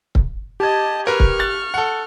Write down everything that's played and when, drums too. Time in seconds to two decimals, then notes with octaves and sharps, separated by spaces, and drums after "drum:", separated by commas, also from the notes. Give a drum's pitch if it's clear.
0.15 drum: kick C#1
0.60 G4 D#5 A5 G#6
1.07 A#4 B4 C#6 F6
1.20 drum: kick C#1
1.39 F#6 A6
1.74 A4 F#5